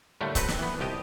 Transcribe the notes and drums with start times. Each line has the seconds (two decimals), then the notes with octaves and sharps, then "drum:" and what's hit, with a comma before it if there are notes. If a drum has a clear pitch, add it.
0.21 A2 D3 G3 A3 A#3
0.35 F#3 A3 C4 F#4 B4, drum: kick C#1, hi-hat
0.48 drum: snare
0.59 E3 B3
0.79 C2 F3 G4 D#5